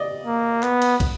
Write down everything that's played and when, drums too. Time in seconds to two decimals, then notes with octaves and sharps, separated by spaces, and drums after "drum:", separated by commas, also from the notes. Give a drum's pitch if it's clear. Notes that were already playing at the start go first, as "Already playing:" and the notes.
Already playing: D5 D#5
0.26 A#3
0.63 B3, drum: clap
0.82 drum: cymbal
1.00 drum: kick, cymbal